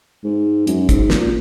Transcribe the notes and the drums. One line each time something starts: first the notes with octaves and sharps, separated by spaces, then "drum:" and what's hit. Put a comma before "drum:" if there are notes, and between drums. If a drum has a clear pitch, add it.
G#2
F#2, drum: hi-hat
G#2, drum: kick, hi-hat
A#2, drum: snare